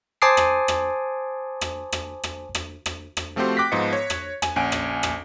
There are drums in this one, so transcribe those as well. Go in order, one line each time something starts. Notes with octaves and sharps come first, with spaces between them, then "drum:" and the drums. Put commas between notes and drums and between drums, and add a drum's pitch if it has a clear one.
C5 G#5 A5 D6 D#6 C7
drum: rim click
drum: rim click
drum: rim click
drum: rim click
drum: rim click
drum: rim click
drum: rim click
drum: rim click
F3 A3 C4 F#4 G4 C5
G5 D6 F#6 A#6 B6
G#2 F3 B3 D#5 C#7
C#5
drum: rim click
G#5, drum: rim click
A#1 C#4 F#5 G#5 D7
drum: rim click
drum: rim click